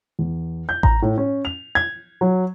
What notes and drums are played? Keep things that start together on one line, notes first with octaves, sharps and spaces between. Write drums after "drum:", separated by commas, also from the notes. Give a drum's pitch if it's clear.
E2
G6
A#5, drum: kick A1
A2
C#4
F7
G#6
F#3